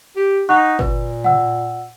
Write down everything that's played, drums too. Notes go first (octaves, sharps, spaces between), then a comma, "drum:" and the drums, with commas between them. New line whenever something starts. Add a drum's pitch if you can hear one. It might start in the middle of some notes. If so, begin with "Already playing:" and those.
G4
D#4 F#5 C#6 F#6
A#2 B4, drum: kick G1
F#5 E6, drum: tom